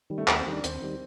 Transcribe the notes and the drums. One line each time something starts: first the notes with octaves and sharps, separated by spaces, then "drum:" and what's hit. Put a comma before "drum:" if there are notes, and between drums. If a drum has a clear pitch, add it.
D#3 G3
A3
D#2 A#3, drum: clap
C4
D#3 G3 D4
D#2 C4, drum: hi-hat
D#3 G3